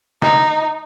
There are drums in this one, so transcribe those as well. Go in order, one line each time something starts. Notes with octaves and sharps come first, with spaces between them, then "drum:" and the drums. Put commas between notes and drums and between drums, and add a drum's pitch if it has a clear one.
D#4, drum: snare